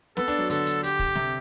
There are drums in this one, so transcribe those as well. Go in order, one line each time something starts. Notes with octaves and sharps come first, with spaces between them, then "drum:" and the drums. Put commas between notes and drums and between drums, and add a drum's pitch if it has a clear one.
B3 A4, drum: snare
D4
F#3
D3 A4, drum: hi-hat
drum: hi-hat
G4, drum: hi-hat
drum: kick, open hi-hat
C3, drum: snare